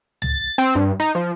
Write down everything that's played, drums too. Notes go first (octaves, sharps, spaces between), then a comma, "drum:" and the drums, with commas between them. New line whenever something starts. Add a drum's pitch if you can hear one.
A6, drum: tom C#2
C4, drum: hi-hat
G2
D#4, drum: hi-hat
F3